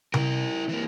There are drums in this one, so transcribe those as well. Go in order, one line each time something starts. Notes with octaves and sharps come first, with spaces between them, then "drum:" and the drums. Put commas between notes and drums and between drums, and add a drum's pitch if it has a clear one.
E4 A#4, drum: tom C3
E3 A#3